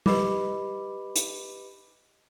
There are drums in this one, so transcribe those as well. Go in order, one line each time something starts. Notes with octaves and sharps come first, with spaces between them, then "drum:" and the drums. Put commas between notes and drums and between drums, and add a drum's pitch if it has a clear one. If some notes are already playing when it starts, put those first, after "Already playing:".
G4 B4 D#5 B5 D6, drum: tom G3
drum: hi-hat